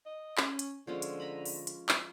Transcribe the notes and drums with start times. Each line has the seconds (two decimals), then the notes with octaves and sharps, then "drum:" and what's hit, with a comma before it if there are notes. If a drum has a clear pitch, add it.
0.06 D#5
0.38 C#4, drum: clap
0.59 drum: hi-hat
0.87 D3 F3 G#3 C#4
1.02 drum: hi-hat
1.20 D#5 A#5 B5
1.46 drum: open hi-hat
1.67 drum: hi-hat
1.89 drum: clap